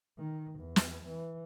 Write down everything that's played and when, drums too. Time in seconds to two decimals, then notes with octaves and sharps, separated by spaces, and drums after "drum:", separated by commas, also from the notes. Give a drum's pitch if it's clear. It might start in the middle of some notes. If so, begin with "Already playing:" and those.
0.18 D#3
0.59 E2
0.76 drum: snare
1.07 E3